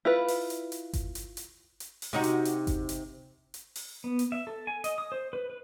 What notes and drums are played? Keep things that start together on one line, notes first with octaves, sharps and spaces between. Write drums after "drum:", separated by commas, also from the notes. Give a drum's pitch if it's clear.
E4 F4 B4
drum: open hi-hat
drum: hi-hat
drum: hi-hat
drum: kick G1, hi-hat
drum: hi-hat
drum: hi-hat
drum: hi-hat
drum: open hi-hat
C3 D#4 F#4
drum: hi-hat
drum: hi-hat
drum: kick G1, hi-hat
drum: hi-hat
drum: hi-hat
drum: open hi-hat
B3
drum: hi-hat
E5
A4
G#5
D#5, drum: hi-hat
D#6
C5
B4
B4